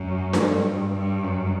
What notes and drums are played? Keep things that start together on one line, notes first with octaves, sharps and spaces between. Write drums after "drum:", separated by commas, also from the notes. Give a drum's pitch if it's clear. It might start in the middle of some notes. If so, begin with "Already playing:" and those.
Already playing: F#2
G2, drum: snare D4
G2
F#2